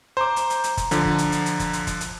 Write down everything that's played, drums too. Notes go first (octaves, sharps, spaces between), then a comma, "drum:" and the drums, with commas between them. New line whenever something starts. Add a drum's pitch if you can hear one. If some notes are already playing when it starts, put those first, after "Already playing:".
C5 A#5 D6
drum: hi-hat
drum: hi-hat
drum: hi-hat
drum: kick, hi-hat
D3 F3, drum: hi-hat
drum: kick
drum: hi-hat
drum: hi-hat
drum: hi-hat
drum: kick, hi-hat
drum: hi-hat
drum: kick, hi-hat
drum: hi-hat